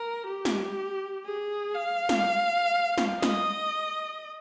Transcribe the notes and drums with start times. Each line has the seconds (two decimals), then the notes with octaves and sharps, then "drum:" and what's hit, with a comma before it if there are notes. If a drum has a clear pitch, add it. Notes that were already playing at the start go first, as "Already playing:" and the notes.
Already playing: A#4
0.27 G4
0.45 drum: snare
1.25 G#4
1.74 F5
2.09 drum: snare
2.98 drum: snare
3.22 D#5, drum: snare